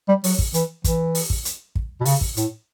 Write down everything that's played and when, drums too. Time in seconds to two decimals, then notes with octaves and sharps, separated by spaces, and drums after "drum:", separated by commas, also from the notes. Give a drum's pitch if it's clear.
0.08 G3
0.24 F#3, drum: open hi-hat
0.39 drum: kick
0.54 E3, drum: hi-hat
0.84 E3, drum: kick, hi-hat
1.15 drum: open hi-hat
1.30 drum: kick
1.45 drum: hi-hat
1.75 drum: kick
2.00 B2
2.05 C#3, drum: open hi-hat
2.21 drum: kick
2.37 A2, drum: hi-hat